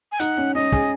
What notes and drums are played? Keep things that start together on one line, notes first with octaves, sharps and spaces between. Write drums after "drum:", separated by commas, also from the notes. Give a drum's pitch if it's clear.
G#5
D#4 F#5, drum: hi-hat
C#4
C#4 D#5
G#4, drum: kick